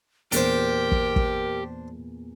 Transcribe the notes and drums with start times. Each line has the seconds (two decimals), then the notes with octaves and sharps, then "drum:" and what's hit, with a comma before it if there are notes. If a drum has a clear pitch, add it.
0.32 E2 A#2 D4 G4 A#4 C5, drum: hi-hat
0.92 drum: kick
1.16 drum: kick